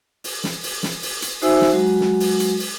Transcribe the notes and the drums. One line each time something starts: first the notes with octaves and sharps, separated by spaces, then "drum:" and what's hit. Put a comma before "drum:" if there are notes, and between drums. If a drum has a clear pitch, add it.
drum: open hi-hat
drum: snare
drum: open hi-hat
drum: snare
drum: open hi-hat
drum: hi-hat
D#4 F#4 C5 E5 G#5 E6, drum: open hi-hat
drum: snare
F#3 G#3 F#4
drum: snare
drum: open hi-hat
drum: hi-hat
drum: open hi-hat